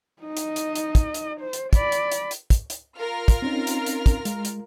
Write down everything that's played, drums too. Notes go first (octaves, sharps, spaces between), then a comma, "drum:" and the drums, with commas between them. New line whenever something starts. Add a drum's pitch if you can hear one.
D#4 D#5
drum: hi-hat
drum: hi-hat
drum: hi-hat
drum: kick, hi-hat
drum: hi-hat
C5
drum: hi-hat
D5 B5, drum: kick, hi-hat
drum: hi-hat
drum: hi-hat
drum: hi-hat
drum: kick, hi-hat
drum: hi-hat
F4 A#4 F6
drum: kick, hi-hat
C4 C#4 D#4
drum: hi-hat
drum: hi-hat
drum: kick, hi-hat
G#3, drum: hi-hat
drum: hi-hat